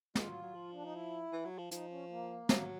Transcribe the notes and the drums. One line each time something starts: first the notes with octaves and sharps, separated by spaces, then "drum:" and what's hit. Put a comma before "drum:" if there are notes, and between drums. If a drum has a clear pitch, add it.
G#3 F4, drum: snare
F#3
F#3
F3
D4
D#4
E4
E3
F#3
F3
F3 D#4, drum: hi-hat
C#4
A#3
F#3, drum: snare